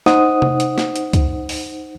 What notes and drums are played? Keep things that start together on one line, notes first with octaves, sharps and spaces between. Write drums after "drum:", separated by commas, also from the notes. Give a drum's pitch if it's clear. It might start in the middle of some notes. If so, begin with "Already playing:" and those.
D#4 C5 F#5 D#6, drum: snare
drum: tom C3
drum: hi-hat
drum: snare
drum: hi-hat
drum: kick C#2, hi-hat
drum: open hi-hat